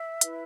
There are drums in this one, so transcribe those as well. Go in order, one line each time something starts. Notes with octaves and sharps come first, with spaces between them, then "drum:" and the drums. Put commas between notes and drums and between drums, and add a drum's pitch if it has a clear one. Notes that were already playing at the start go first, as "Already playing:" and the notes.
Already playing: E5
E4 B4, drum: hi-hat